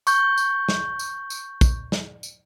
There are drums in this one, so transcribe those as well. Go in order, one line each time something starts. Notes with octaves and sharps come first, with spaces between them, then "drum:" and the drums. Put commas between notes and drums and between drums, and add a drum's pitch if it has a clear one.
C#6 G6, drum: tambourine
drum: tambourine
drum: snare
drum: tambourine
drum: tambourine
drum: kick, tambourine
drum: snare
drum: tambourine